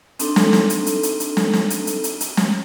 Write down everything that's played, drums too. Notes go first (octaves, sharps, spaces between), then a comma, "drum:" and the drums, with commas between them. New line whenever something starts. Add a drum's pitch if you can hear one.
C4 D4 D#4 A4, drum: hi-hat
drum: snare
drum: snare
drum: hi-hat
drum: hi-hat
drum: hi-hat
drum: hi-hat
drum: snare
drum: snare
drum: hi-hat
drum: hi-hat
drum: hi-hat
drum: hi-hat
drum: snare